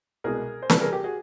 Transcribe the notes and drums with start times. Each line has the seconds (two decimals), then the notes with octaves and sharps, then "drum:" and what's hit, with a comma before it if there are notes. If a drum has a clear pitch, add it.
0.24 C2 B2 G#3 G#4 A#4
0.62 C5
0.70 C#2 C3 E3 G3 A4 B4, drum: snare
0.81 G#4 A#4
0.92 G4
1.04 F#4 G#4